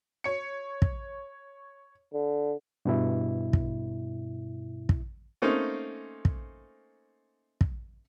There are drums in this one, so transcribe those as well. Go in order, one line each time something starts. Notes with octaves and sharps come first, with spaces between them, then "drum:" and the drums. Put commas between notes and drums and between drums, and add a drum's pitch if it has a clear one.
C#5 C#7
drum: kick
D3
G2 B2 E4
drum: kick
drum: kick
A3 A#3 C4 C#4 D#4
drum: kick
drum: kick